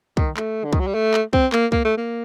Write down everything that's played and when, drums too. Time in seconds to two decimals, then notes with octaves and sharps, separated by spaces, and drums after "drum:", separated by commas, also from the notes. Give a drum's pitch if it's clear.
0.17 D#3, drum: kick
0.37 A3, drum: clap
0.64 D3
0.73 D#3, drum: kick
0.80 F#3
0.87 G3
0.94 A3
1.14 drum: clap
1.33 C4, drum: kick
1.52 A#3, drum: clap
1.72 A#3, drum: kick
1.85 A3
1.97 A#3